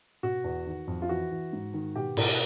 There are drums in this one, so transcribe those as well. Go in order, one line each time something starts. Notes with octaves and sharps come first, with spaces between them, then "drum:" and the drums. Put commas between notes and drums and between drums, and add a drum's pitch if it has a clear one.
B2 F#4
E2
D#3
F2
F4
E3 F#4
E3
G#2
D#3
B2 G4
B2, drum: cymbal